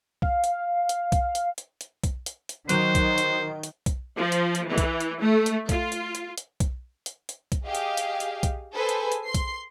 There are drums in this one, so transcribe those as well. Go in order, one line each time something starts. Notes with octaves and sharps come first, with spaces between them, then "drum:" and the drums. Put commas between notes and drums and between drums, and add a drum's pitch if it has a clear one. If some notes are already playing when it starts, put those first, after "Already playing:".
F5, drum: kick B1
drum: hi-hat
drum: hi-hat
drum: kick B1, hi-hat
drum: hi-hat
drum: hi-hat
drum: hi-hat
drum: kick B1, hi-hat
drum: hi-hat
drum: hi-hat
D#3 F#3 C5 G6, drum: hi-hat
drum: kick B1, hi-hat
drum: hi-hat
drum: hi-hat
drum: kick B1, hi-hat
F3
drum: hi-hat
drum: hi-hat
E3
drum: kick B1, hi-hat
drum: hi-hat
A3
drum: hi-hat
F4, drum: kick B1, hi-hat
drum: hi-hat
drum: hi-hat
drum: hi-hat
drum: kick B1, hi-hat
drum: hi-hat
drum: hi-hat
drum: kick B1, hi-hat
G4 G#4 D#5 F5
drum: hi-hat
drum: hi-hat
drum: hi-hat
drum: kick B1, hi-hat
G#4 A4 B4 C5 G#5
drum: hi-hat
drum: hi-hat
C6 C7
drum: kick B1, hi-hat